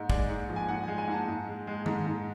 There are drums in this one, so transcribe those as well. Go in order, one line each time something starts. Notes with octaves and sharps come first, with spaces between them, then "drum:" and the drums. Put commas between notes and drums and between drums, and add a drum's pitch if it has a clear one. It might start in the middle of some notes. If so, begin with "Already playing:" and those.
Already playing: G#2
G#3 D5, drum: kick
G#2
F3
G#5
G#2 F#5
G#3 G#5
G#5
G#2 A5
G#2
G#3
G#3
G#2, drum: tom D#3
G#2